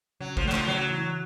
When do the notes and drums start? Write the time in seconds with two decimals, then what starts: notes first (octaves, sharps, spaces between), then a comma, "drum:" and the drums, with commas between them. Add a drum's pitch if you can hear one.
0.21 C#3 F#3
0.37 F3, drum: kick
0.44 F#3 A3
0.52 F3, drum: clap
0.67 C#3 F#3
0.91 E3